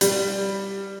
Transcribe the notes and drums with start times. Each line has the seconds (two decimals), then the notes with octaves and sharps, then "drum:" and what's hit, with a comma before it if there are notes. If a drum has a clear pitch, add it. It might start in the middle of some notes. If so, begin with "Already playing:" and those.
0.01 G3, drum: hi-hat